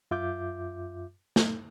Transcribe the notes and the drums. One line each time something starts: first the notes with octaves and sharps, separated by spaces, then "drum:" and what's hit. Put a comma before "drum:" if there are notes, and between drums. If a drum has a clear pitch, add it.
F#2 F4 E5 D6 G6
drum: snare